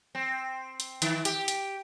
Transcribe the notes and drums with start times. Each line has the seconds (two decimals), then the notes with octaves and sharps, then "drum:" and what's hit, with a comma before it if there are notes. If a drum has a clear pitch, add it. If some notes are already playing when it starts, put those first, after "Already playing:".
0.15 C4
0.80 drum: hi-hat
1.02 D#3, drum: hi-hat
1.25 G4, drum: hi-hat
1.48 drum: hi-hat